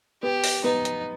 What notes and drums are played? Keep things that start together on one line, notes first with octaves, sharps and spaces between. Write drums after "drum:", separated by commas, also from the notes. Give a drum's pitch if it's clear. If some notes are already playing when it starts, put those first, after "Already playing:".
B3 G4
drum: open hi-hat
B3 D#4
drum: hi-hat